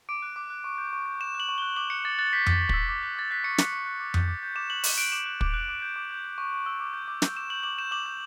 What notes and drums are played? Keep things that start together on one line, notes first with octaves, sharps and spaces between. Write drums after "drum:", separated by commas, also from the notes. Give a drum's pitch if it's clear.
D6 D7
F#6
D6
F#6
C#6
G6
C#6
G6
C#6 E7
F#6
F#7
C#6
F#6 G7
D6 F#7
F#6 C#7
D6 A6
F#6 A6
C#7
G6 B6
C#6 A6, drum: tom F2
C#6
E6 B6, drum: kick
D6
F#6
D6 A6
F#6 B6
C#6 C#7
F#6, drum: snare
C#6
F#6
D6
G6, drum: tom F2
D6
G6
D6 E7
F#6 F#7
D6 E7, drum: open hi-hat
F#6 D7
D6 E7
F#6
D6, drum: kick
F#6
D6
G6
D6
G6
G6
C#6
C#6
E6
D6
G6
D6
G6, drum: snare
D6 E7
G6 F#7
D6 F#7
G6 E7
D6 F#7
G6